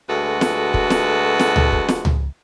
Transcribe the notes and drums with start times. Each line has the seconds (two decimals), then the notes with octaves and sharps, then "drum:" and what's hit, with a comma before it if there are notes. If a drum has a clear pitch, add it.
0.08 D2 G#3 F#4 A4 B4
0.41 drum: snare
0.74 drum: kick
0.90 drum: snare
1.39 drum: snare
1.56 drum: tom C#2
1.72 drum: kick
1.89 drum: snare
2.05 drum: tom C#2